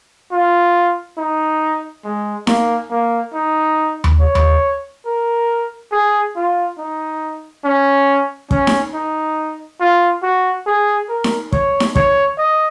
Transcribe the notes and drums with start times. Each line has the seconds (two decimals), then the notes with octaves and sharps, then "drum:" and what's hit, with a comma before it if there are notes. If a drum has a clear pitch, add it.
0.32 F4
1.18 D#4
2.04 G#3
2.47 A#3, drum: snare D#4
2.90 A#3
3.34 D#4
4.04 drum: tom D#2
4.20 C#5
4.35 drum: tom D#2
5.06 A#4
5.92 G#4
6.36 F4
6.78 D#4
7.64 C#4
8.51 C#4, drum: kick
8.67 drum: snare D#4
8.94 D#4
9.80 F4
10.23 F#4
10.67 G#4
11.09 A#4
11.24 drum: snare D#4
11.52 C#5, drum: kick
11.80 drum: snare D#4
11.96 C#5, drum: kick
12.38 D#5